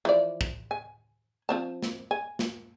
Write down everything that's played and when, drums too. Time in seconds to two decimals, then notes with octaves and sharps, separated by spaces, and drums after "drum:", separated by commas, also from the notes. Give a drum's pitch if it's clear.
0.05 E3 F3 D5
0.41 drum: kick
0.71 G#5
1.49 F3 C4 A5
1.82 drum: snare
2.11 G#5
2.39 drum: snare